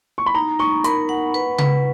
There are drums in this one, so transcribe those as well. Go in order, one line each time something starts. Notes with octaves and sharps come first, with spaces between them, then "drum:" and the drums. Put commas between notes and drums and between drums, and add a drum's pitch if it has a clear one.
C#6
B5
D#4 A#5
D#4 C#6
A#4 B5, drum: hi-hat
F#5
B4
B4, drum: tom C#3